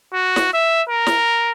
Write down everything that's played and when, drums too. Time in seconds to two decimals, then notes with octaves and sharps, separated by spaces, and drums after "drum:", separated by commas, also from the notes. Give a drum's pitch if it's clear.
0.13 F#4
0.36 drum: snare
0.54 E5
0.89 A#4
1.06 drum: snare